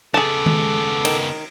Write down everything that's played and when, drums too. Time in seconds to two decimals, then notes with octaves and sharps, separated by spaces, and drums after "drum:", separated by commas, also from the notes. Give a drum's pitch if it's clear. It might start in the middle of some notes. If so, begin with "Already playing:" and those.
0.14 C#3 B3 G#4 A4 A5 D6
0.46 drum: tom D#3
1.05 D#3, drum: cymbal